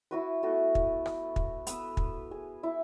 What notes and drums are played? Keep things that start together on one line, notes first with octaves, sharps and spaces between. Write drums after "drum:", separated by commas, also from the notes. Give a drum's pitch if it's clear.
E4 F#4 B4
A3 B3 F#4 A4
drum: kick
drum: rim click
drum: kick
B3 B4 E6, drum: hi-hat
drum: kick
G#4
E4